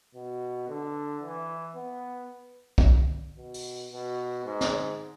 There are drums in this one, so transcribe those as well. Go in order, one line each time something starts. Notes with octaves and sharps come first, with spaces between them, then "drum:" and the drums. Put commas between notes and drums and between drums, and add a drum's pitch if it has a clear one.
B2
D3
E3
B3
drum: kick
B2
drum: open hi-hat
B2
G#2
drum: snare